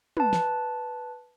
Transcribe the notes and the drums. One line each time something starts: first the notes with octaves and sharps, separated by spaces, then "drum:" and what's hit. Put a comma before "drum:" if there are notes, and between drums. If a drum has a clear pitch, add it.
B4 A5, drum: tom
drum: snare